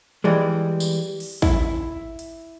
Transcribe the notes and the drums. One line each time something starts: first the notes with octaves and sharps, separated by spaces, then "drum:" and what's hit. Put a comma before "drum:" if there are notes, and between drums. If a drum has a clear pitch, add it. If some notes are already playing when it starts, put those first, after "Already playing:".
E3 G3 G#3
drum: tambourine
drum: open hi-hat
E4, drum: kick
drum: hi-hat